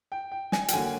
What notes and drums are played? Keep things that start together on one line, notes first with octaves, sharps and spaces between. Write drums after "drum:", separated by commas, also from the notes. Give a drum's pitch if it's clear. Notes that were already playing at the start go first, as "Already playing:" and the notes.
G5
G5
G#5, drum: snare
G5, drum: hi-hat
D3 F#3 A#3 G#5